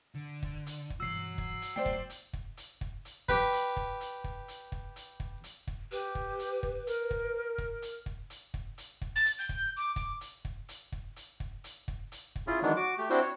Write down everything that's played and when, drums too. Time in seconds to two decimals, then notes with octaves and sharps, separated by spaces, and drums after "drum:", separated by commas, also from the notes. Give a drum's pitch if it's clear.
0.15 D3
0.43 drum: kick
0.66 drum: hi-hat
0.90 drum: kick
1.00 G2 B2 E3 F#4 C#5 E6 C7
1.38 drum: kick
1.62 drum: hi-hat
1.76 F#3 A3 B3 C5 D5 G5 C7
1.86 drum: kick
2.10 drum: hi-hat
2.33 drum: kick
2.57 drum: hi-hat
2.81 drum: kick
3.05 drum: hi-hat
3.29 G4 B4, drum: kick
3.53 drum: hi-hat
3.77 drum: kick
4.00 drum: hi-hat
4.24 drum: kick
4.48 drum: hi-hat
4.72 drum: kick
4.96 drum: hi-hat
5.20 drum: kick
5.44 drum: hi-hat
5.67 drum: kick
5.92 G4 B4, drum: hi-hat
6.15 drum: kick
6.39 drum: hi-hat
6.63 drum: kick
6.87 A#4, drum: hi-hat
7.11 drum: kick
7.58 drum: kick
7.82 drum: hi-hat
8.06 drum: kick
8.30 drum: hi-hat
8.54 drum: kick
8.78 drum: hi-hat
9.02 drum: kick
9.16 A6
9.25 drum: hi-hat
9.39 G6
9.49 drum: kick
9.77 D6
9.96 D6, drum: kick
10.21 drum: hi-hat
10.45 drum: kick
10.69 drum: hi-hat
10.92 drum: kick
11.16 drum: hi-hat
11.40 drum: kick
11.64 drum: hi-hat
11.88 drum: kick
12.12 drum: hi-hat
12.36 drum: kick
12.47 C#4 E4 F4 G#4
12.63 D#3 E3 F#3 G#3 B3 D4
12.76 F#4 D6
12.98 A3 G4
13.10 C4 D4 E4 F#4 C5, drum: hi-hat
13.22 C#5